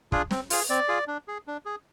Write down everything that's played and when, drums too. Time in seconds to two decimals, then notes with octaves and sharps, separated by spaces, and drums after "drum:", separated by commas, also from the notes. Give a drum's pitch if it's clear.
0.12 D4 F4 G#4, drum: kick
0.31 C4, drum: snare
0.50 F4 G#4, drum: open hi-hat
0.70 C4 D5
0.88 F4 G#4
1.07 D4
1.28 G#4
1.47 D4
1.65 G#4